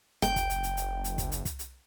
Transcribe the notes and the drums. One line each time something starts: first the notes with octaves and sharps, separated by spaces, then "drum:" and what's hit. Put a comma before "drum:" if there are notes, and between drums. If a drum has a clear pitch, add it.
F#1 G5, drum: hi-hat
drum: kick, hi-hat
drum: hi-hat
drum: hi-hat
drum: hi-hat
drum: hi-hat
drum: kick, hi-hat
drum: hi-hat
drum: kick, hi-hat
drum: hi-hat